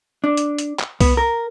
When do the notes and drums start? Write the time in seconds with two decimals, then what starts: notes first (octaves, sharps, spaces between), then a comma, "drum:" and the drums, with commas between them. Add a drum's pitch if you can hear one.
0.24 D4
0.37 drum: hi-hat
0.58 drum: hi-hat
0.79 drum: clap
1.01 B3, drum: kick C2, open hi-hat
1.17 A#4